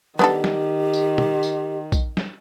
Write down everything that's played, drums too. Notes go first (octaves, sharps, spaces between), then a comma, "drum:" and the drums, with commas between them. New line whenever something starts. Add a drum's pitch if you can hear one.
D#3 B3 D4 G4 A4, drum: snare
drum: snare
drum: tambourine
drum: tom
drum: tambourine
drum: kick, tambourine
drum: snare